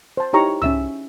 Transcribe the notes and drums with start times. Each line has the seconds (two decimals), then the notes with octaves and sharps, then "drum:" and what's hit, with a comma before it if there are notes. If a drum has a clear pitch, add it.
0.17 C5 A5
0.33 D#4 E4 G4 C#5 A#5 C#6
0.62 C#4 E5 E6, drum: tom C2